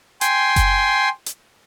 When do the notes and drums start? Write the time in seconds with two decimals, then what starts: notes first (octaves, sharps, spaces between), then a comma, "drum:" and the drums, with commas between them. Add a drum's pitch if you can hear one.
0.21 G5 G#5 C6, drum: hi-hat
0.56 drum: kick F#1, hi-hat
1.26 drum: hi-hat